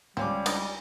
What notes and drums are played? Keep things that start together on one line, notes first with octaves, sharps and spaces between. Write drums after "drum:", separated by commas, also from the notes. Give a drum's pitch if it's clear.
C#2 G3 C4 C#4 D6
D4 D5 D#5, drum: cymbal